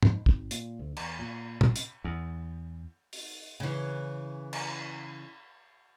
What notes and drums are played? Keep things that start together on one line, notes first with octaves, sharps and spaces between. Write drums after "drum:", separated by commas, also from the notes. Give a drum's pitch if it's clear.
G#2, drum: tom
G#1, drum: kick
A#2, drum: hi-hat
D2
E2, drum: cymbal
A#2
G#1, drum: tom
drum: hi-hat
E2
drum: open hi-hat
C#3 E3
drum: cymbal